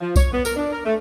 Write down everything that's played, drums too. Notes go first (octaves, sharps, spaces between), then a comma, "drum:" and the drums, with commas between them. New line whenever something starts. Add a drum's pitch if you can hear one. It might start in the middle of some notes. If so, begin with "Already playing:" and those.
F3
C#5, drum: kick B1, tambourine
B3
A#4, drum: tambourine
D4
A#4
A3